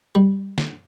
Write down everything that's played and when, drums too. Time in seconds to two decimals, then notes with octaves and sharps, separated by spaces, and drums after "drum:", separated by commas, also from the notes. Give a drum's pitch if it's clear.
0.15 G3
0.58 drum: snare